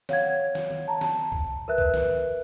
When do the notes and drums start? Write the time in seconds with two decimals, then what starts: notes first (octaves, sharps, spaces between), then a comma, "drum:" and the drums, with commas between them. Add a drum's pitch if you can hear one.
0.09 C#5 F5 F#5 G#6, drum: snare
0.55 drum: snare
0.71 drum: tom
0.88 A5 A#5
1.01 drum: snare
1.32 drum: kick C2
1.68 A#4 B4 E5 F#6
1.78 drum: kick C2
1.94 drum: snare